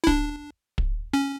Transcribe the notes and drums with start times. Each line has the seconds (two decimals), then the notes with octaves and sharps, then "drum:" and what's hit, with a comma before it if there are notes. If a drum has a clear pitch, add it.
0.04 E4
0.07 D4, drum: kick
0.78 drum: kick
1.13 C#4